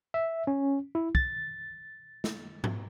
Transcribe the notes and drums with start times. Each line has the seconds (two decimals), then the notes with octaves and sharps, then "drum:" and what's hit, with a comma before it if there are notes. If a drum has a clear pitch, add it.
0.14 E5
0.47 C#4
0.95 E4
1.15 A6, drum: kick
2.24 drum: snare
2.64 drum: tom G#2